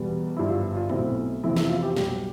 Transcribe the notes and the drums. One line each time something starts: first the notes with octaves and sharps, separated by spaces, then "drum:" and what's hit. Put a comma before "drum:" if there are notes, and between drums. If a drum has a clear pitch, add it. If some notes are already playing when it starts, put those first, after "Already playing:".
Already playing: E2 B2 G3 B3
G1 G2 F3 E4
F4
F4
B1 B2 A3 C4 E4, drum: tom A2
F1 F2 E3 B3 E4
E4, drum: snare
F4
G4
B1 B2 G3, drum: snare